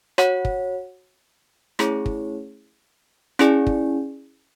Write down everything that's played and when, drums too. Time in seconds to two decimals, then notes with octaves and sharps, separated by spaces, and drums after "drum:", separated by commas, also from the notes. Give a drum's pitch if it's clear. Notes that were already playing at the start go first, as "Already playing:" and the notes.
0.18 F#4 C#5 F#5, drum: rim click
0.45 drum: kick
1.79 A3 C#4 E4 G#4 C#5, drum: rim click
2.06 drum: kick
3.39 C#4 E4 G#4 D5 G#5, drum: rim click
3.67 drum: kick